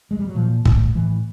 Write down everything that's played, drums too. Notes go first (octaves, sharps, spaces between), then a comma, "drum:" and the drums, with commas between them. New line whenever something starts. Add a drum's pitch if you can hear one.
G#3
G3
F#3
A#2 F3
A2, drum: kick
A2 E3